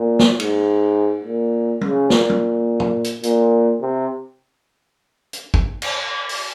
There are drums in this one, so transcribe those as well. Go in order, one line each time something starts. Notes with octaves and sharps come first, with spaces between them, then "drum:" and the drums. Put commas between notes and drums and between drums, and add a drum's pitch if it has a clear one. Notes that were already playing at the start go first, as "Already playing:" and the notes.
Already playing: A#2
drum: snare
G#2, drum: cymbal
A#2
C#3, drum: tom
A#2, drum: snare
drum: tom
drum: tom
drum: hi-hat
A#2, drum: hi-hat
C3
drum: hi-hat
drum: kick
drum: cymbal
drum: open hi-hat